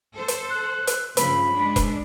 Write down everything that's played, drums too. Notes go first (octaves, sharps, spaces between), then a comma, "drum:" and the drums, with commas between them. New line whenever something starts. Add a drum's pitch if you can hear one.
A4 C5
drum: hi-hat
F#6
drum: hi-hat
G2 C#3 F3 B5, drum: hi-hat
G#3 D4
drum: kick E1, hi-hat